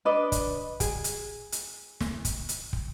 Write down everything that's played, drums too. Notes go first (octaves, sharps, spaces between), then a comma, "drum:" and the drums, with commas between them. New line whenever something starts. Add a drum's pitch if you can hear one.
D4 B4 D5 D#5
drum: kick, hi-hat
G#4, drum: kick, hi-hat
drum: hi-hat
drum: hi-hat
drum: snare
drum: kick, hi-hat
drum: hi-hat
drum: kick